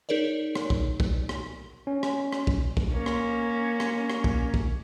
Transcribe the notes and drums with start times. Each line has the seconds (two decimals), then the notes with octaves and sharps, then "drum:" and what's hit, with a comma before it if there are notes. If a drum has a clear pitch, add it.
0.09 D#4 G#4 A#4 C#5 D5
0.55 drum: rim click
0.70 drum: kick
1.00 drum: kick
1.29 drum: rim click
1.87 C#4
2.03 drum: rim click
2.33 drum: rim click
2.47 drum: kick
2.77 drum: kick
2.92 A#3 C#4
3.06 drum: rim click
3.80 drum: rim click
4.10 drum: rim click
4.24 drum: kick
4.54 drum: kick